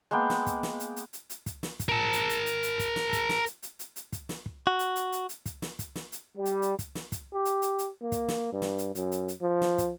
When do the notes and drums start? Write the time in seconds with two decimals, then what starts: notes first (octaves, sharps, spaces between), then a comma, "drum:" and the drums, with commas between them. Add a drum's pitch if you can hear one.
0.11 G#3 A#3 B3 G5
0.30 drum: snare
0.46 drum: kick, hi-hat
0.63 drum: snare
0.80 drum: hi-hat
0.96 drum: hi-hat
1.13 drum: hi-hat
1.30 drum: hi-hat
1.46 drum: kick, hi-hat
1.63 drum: snare
1.80 drum: kick, hi-hat
1.89 A#4 A5
2.13 drum: hi-hat
2.29 drum: hi-hat
2.46 drum: hi-hat
2.63 drum: hi-hat
2.79 drum: kick, hi-hat
2.96 drum: snare
3.13 drum: kick, hi-hat
3.29 drum: snare
3.46 drum: hi-hat
3.63 drum: hi-hat
3.79 drum: hi-hat
3.96 drum: hi-hat
4.12 drum: kick, hi-hat
4.29 drum: snare
4.46 drum: kick
4.67 F#4
4.79 drum: hi-hat
4.96 drum: hi-hat
5.12 drum: hi-hat
5.29 drum: hi-hat
5.46 drum: kick, hi-hat
5.62 drum: snare
5.79 drum: kick, hi-hat
5.95 drum: snare
6.12 drum: hi-hat
6.36 G3
6.45 drum: hi-hat
6.62 drum: hi-hat
6.79 drum: kick, hi-hat
6.95 drum: snare
7.12 drum: kick, hi-hat
7.33 G4
7.45 drum: hi-hat
7.62 drum: hi-hat
7.79 drum: hi-hat
8.02 A#3
8.12 drum: kick, hi-hat
8.28 drum: snare
8.52 G2
8.62 drum: snare
8.78 drum: hi-hat
8.95 F#2, drum: hi-hat
9.12 drum: hi-hat
9.28 drum: hi-hat
9.42 F3
9.62 drum: snare
9.78 drum: kick, hi-hat